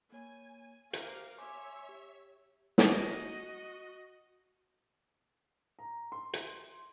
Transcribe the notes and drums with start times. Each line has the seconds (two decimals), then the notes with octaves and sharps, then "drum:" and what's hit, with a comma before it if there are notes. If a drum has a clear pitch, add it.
0.12 A#3 C#5 G#5
0.93 G4 A#4 C5 F5, drum: hi-hat
1.38 C#5 E5 G#5 C6 D6
1.89 G4
2.78 F#4 D#5, drum: snare
5.79 A#5
6.12 C6
6.33 drum: hi-hat